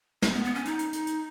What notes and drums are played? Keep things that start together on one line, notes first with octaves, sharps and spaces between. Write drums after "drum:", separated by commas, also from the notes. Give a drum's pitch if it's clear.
C#4, drum: snare
B3
B3
C#4
D#4, drum: hi-hat
drum: hi-hat
drum: hi-hat
drum: hi-hat